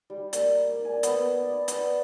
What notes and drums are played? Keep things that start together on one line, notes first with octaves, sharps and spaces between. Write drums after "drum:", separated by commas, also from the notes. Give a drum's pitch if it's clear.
G3
A#3, drum: hi-hat
D5
G#5
B3, drum: hi-hat
D5
B4, drum: hi-hat